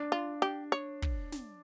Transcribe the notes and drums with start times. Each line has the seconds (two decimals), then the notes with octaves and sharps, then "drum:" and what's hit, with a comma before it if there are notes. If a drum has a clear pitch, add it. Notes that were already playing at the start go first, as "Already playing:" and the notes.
Already playing: D4
0.12 F4
0.42 G4
0.72 C#5
1.02 drum: kick
1.32 drum: snare